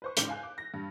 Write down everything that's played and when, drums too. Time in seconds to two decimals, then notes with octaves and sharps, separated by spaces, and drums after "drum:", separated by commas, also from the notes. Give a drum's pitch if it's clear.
0.02 B4 C5 C#6
0.17 G#2 C#3 D6 G6, drum: hi-hat
0.29 F5 G#5 F#6
0.43 D6
0.58 A#6
0.74 G2